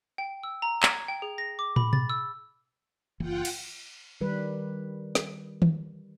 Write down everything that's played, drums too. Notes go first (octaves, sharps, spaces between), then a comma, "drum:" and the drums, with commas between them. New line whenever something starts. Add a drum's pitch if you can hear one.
G5
E6
A#5
G#6, drum: clap
G5
G#4
A#6
D6
B5, drum: tom
A6, drum: tom B2
E6
F#1 E3 A#3 F4 F#5 G5
drum: cymbal
D#3 G3 B4
drum: snare
drum: tom D#3